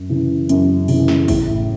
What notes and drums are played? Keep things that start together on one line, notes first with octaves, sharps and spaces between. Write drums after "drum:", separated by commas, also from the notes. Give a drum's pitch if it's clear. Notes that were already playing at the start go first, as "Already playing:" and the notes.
Already playing: F#2
C#3 E3
F#2, drum: hi-hat
C#3 E3, drum: open hi-hat
drum: snare
A2, drum: kick G#1, open hi-hat